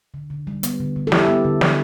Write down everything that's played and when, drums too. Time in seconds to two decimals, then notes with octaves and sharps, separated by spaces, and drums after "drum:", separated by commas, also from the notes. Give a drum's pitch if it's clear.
0.14 D3
0.30 D3
0.47 G3
0.63 B3, drum: hi-hat
0.80 D3
0.96 D3
1.07 A4
1.12 G3 E4 G4, drum: snare
1.28 B3
1.44 D3
1.61 D3, drum: snare